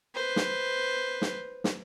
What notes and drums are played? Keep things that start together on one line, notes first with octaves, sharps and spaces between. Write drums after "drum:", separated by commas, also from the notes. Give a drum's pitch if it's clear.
B4 C5
drum: snare
drum: snare
drum: snare